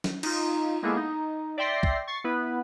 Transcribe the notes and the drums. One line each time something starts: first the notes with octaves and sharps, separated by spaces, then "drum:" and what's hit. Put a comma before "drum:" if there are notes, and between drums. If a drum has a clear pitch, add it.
drum: snare
D#4 F4, drum: cymbal
G#3 A#3 B3 E4 G#4 A4
D#4
D5 E5 G5 C6 A#6 C7
drum: kick
C#6 A6 C7
B3 E4 B4